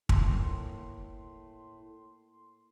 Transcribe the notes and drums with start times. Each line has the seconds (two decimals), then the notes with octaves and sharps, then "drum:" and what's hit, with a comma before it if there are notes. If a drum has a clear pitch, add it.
0.09 A2 A#3 C6, drum: kick